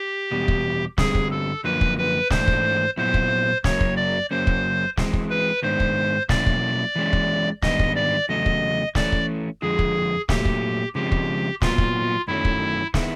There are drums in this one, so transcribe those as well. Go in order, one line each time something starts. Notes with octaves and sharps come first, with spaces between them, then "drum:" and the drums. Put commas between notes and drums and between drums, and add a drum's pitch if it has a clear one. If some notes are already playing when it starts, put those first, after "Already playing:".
Already playing: G4
E2 B2 G3 B3
drum: kick
G2 D3 G3 C4 G#4, drum: snare
drum: kick
A4
F#2 D3 F3 A#3 B4
drum: kick
B4
G#2 E3 A3 D4 C5, drum: snare
drum: kick
A#2 F#3 B3 E4 C5
drum: kick
F#2 C#3 F#3 A#3 C#5, drum: snare
drum: kick
D5
F#2 C#3 F#3 A#3 C#4 C5
drum: kick
E3 G#3 C4, drum: snare
drum: kick
B4
G#2 D#3 G#3 B3 D4 C5
drum: kick
B2 F#3 A#3 C#4 E4 D5, drum: snare
drum: kick
E3 G#3 C#4
drum: kick
G#2 D#3 G3 B3 D4 D#5, drum: snare
drum: kick
D5
E2 C#3 F#3 A3 D#5
drum: kick
E3 A3 C#4 D5, drum: snare
drum: kick
F2 D3 F3 G#3 G#4
drum: kick
A#2 F#3 A3 G4, drum: snare
drum: kick
C#3 F3 G#3 C4 G4
drum: kick
A#2 F#3 B3 F4, drum: snare
drum: kick
F#2 D#3 F#3 A3 C#4 E4
drum: kick
D#3 G#3 B3 E4, drum: snare